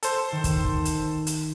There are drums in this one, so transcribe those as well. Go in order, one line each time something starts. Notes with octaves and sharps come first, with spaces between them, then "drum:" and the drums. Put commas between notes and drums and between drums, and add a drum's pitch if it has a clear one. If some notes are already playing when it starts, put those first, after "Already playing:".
A4 C5, drum: hi-hat
D#3
drum: kick, hi-hat
drum: kick
drum: hi-hat
drum: hi-hat